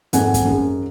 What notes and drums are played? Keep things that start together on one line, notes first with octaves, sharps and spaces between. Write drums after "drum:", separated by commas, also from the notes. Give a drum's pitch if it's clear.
F2 G#2 D#3 F#5 G#5, drum: hi-hat
drum: kick, hi-hat
F#2 G#4